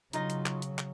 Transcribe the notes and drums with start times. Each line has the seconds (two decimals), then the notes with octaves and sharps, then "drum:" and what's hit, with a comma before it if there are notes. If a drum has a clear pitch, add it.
0.13 C#3 F#3 D#4 F4 D#5, drum: hi-hat
0.30 drum: hi-hat
0.46 drum: clap
0.62 drum: hi-hat
0.79 drum: clap